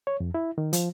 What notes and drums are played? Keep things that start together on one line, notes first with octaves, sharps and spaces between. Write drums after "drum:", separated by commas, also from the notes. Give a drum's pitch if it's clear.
C#5
F2
E4
D#3
F3, drum: hi-hat